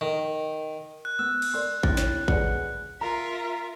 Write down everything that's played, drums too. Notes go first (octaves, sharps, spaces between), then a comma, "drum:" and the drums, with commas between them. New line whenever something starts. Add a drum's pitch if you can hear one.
D#3
F#6
B3 E6
drum: cymbal
A#4 D5 C6
C4 E4, drum: kick A1
C#5, drum: snare
G#4 B4 D5 F#5, drum: kick A1
F4 A#4 E5 A#5